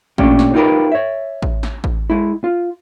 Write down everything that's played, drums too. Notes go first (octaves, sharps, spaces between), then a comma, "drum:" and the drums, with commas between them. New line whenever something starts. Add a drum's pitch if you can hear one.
A#2 A3 C#4 D4 G4, drum: kick A1
drum: snare
D#4 F4 G4 G#4 A#4 B4
C#5 E5
drum: kick A1
drum: snare
drum: kick A1
G#3 E4
F4